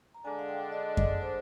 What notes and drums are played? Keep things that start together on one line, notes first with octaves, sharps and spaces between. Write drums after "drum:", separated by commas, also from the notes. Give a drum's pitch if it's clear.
A#5
D3 G#3 D4 G#5
F5
G5
D#5
D#5, drum: kick F#2
D5
C5